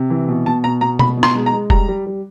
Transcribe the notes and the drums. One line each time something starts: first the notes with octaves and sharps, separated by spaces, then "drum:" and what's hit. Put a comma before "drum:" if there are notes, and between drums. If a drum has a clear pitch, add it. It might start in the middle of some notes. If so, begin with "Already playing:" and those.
Already playing: C3
E3
B2
B2 A5
B2 A#5
B2 A#5
B2 B5, drum: tom B2
B2
C6, drum: rim click
G#3
A#5
G#3
G3 A#5, drum: kick F1
G3
G3